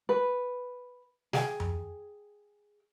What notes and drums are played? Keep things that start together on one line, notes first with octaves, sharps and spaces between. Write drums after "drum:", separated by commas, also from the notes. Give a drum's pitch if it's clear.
B4
G#4 G5 G#5, drum: snare
drum: tom F2